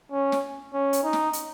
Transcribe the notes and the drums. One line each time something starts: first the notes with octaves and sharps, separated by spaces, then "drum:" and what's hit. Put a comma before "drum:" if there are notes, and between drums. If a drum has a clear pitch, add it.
C#4
drum: snare
C#4
drum: hi-hat
D#4
drum: snare
drum: hi-hat